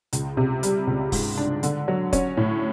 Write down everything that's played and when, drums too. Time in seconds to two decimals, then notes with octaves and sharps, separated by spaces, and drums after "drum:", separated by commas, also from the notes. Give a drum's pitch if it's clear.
0.13 C#2, drum: hi-hat
0.37 C3
0.63 G3, drum: hi-hat
0.87 C#2
1.12 G#2, drum: kick F1, open hi-hat
1.38 D4
1.63 D3, drum: hi-hat
1.88 F#3
2.13 C#4, drum: kick F1, hi-hat
2.37 A2